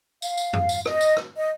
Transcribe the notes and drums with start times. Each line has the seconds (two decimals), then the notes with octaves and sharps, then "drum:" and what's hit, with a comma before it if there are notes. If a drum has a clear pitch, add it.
0.22 F5, drum: tambourine
0.37 drum: tambourine
0.53 drum: tom F2
0.69 drum: tambourine
0.85 D#5, drum: rim click
1.01 drum: tambourine
1.16 drum: rim click
1.37 D#5